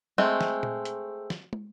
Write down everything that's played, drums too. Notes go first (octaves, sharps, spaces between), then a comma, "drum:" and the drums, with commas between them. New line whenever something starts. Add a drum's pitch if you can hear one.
G#3 A3 C4
drum: snare
drum: tom A#2
drum: hi-hat
drum: snare
drum: tom